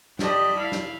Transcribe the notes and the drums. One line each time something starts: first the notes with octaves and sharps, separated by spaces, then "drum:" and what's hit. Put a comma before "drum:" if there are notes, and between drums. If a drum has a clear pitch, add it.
G4 D5 D#5 A5 B5, drum: snare
E4 F5
drum: snare